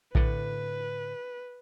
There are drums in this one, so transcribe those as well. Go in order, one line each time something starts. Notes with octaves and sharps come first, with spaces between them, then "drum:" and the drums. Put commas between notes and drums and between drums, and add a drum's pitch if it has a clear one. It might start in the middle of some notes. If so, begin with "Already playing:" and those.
A2 D3 B4, drum: kick A#1